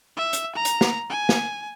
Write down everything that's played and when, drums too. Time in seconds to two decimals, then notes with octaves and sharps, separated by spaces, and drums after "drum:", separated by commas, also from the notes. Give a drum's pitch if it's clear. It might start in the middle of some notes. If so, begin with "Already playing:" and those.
0.17 E5
0.33 drum: hi-hat
0.56 A#5
0.65 drum: hi-hat
0.81 drum: snare
1.10 G#5
1.29 drum: snare